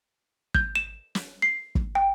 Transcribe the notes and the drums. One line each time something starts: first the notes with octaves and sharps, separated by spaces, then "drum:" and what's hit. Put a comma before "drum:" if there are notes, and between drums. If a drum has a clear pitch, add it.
G6, drum: kick
E7
drum: snare
C7
drum: kick
G5